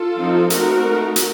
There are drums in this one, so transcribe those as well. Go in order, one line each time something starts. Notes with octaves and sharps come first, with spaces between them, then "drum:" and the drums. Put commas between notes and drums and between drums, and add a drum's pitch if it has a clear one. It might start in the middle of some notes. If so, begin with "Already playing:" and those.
Already playing: F4 A4
F3 C4 D#4
A3 C4 D#4 F#4 A#4, drum: hi-hat
A3 D#4
drum: hi-hat